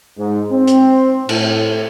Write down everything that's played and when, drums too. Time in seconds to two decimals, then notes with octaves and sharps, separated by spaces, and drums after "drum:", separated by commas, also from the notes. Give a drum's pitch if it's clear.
0.18 G#2
0.51 C4
0.67 drum: hi-hat
1.29 A2, drum: cymbal